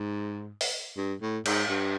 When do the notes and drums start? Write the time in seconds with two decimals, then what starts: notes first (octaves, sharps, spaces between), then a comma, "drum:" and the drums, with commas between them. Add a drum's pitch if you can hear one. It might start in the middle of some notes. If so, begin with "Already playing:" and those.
Already playing: G#2
0.61 drum: open hi-hat
0.97 G2
1.21 A2
1.46 G#2, drum: cymbal
1.69 G2